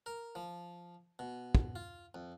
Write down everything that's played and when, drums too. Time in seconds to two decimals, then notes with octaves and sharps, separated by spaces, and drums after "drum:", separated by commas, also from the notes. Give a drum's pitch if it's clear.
0.06 A#4
0.35 F3
1.19 B2
1.55 drum: kick
1.76 F4
2.15 F2